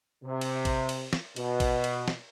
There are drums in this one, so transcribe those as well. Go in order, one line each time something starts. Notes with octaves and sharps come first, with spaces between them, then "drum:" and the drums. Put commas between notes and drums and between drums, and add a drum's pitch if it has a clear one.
C3
drum: cymbal
drum: kick A1, cymbal
drum: cymbal
drum: snare
B2, drum: cymbal
drum: kick A1, cymbal
drum: cymbal
drum: snare